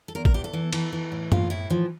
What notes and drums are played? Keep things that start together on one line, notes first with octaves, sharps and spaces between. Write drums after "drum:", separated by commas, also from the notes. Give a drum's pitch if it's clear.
A4
E2 A#4
A#4, drum: kick
E3 G4
A4
E3
E3, drum: cymbal
E3
A2
A2 F4, drum: tom F#2
A2 E4
E3 F3